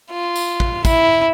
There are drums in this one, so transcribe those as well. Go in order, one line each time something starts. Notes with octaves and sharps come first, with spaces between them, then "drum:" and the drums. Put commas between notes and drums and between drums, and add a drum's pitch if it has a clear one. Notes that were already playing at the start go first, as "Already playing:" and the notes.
F4
drum: tambourine
drum: kick
E4, drum: kick, tambourine